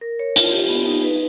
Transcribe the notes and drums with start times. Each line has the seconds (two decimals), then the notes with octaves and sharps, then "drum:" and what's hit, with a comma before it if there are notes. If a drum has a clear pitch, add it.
0.01 A#4
0.19 C#5
0.36 F4, drum: hi-hat
0.52 G4
0.69 B3
0.87 D#4
1.03 B4